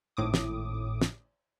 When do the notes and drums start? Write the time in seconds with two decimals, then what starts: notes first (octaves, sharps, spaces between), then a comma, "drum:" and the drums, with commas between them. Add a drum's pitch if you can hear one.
0.17 G#1 A2 D6 D#6
0.34 drum: snare
1.02 drum: snare